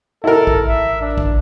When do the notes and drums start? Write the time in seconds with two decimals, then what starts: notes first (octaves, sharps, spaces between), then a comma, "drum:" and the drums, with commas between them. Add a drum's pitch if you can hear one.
0.24 E4 A4 A#4
0.47 drum: kick A#1
0.68 A1 E5
1.01 D4
1.18 drum: kick A#1